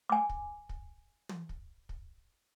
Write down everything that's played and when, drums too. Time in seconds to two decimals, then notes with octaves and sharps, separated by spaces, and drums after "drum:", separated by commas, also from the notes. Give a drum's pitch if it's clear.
0.10 G#5 D6
0.29 drum: kick
0.69 drum: kick
1.29 drum: tom
1.49 drum: kick
1.89 drum: kick